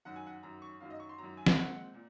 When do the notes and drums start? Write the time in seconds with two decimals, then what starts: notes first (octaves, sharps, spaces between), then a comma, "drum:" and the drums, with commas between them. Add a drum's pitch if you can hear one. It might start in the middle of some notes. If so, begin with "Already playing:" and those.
0.05 F#2 D#3 F#3 F#5
0.16 G#5
0.26 F#5
0.43 F#2 D#3 F#3 A#5
0.62 C#6
0.80 F#2 D#3 F#3 F5
0.90 D#5
1.00 C#6
1.09 C6
1.18 F#2 D#3 F#3 A#5
1.37 G#5
1.46 drum: snare
1.56 A#2 G#3 C4 F#5
1.94 A#2